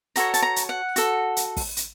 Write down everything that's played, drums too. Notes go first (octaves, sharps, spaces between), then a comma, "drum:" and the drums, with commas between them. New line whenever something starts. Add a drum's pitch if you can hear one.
F#4 A4 C#5 A#5, drum: hi-hat
A5, drum: hi-hat
A#5
drum: hi-hat
F#5
F#4 A4, drum: hi-hat
drum: hi-hat
drum: kick, open hi-hat
drum: hi-hat